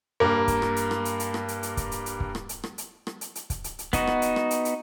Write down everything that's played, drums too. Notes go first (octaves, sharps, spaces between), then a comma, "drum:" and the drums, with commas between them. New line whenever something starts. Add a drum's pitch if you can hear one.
G2 A#3
drum: kick, hi-hat
drum: rim click
drum: hi-hat
drum: rim click
drum: hi-hat
drum: hi-hat
drum: rim click
drum: hi-hat
drum: hi-hat
drum: kick, hi-hat
drum: hi-hat
drum: hi-hat
drum: kick
drum: rim click
drum: hi-hat
drum: rim click
drum: hi-hat
drum: rim click
drum: hi-hat
drum: hi-hat
drum: kick, hi-hat
drum: hi-hat
drum: hi-hat
B3 D#4 F#4, drum: kick, hi-hat
drum: rim click
drum: hi-hat
drum: rim click
drum: hi-hat
drum: hi-hat